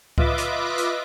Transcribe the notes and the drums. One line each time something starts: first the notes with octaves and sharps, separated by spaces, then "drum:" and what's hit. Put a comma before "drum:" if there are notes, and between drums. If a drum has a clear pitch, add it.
F4 B4 D#5 E5 D6, drum: kick C#2
drum: hi-hat
drum: hi-hat